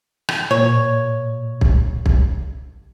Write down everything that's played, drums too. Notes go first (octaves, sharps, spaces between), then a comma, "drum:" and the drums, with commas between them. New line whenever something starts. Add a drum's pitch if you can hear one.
drum: rim click
A#2 C#5
drum: kick
drum: kick